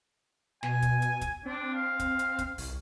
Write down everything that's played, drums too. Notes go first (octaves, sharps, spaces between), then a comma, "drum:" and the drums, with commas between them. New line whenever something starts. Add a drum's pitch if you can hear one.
B2 G#5, drum: snare
drum: kick, hi-hat
drum: hi-hat
drum: kick, hi-hat
C4 D4
F5
drum: kick, hi-hat
drum: hi-hat
drum: kick, hi-hat
C2, drum: open hi-hat